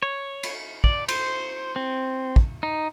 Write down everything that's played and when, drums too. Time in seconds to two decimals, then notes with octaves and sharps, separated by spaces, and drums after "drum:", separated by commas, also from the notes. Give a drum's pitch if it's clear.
0.03 C#5
0.43 drum: cymbal
0.84 D5, drum: kick
1.08 C5, drum: cymbal
1.76 C4
2.36 drum: kick
2.63 D#4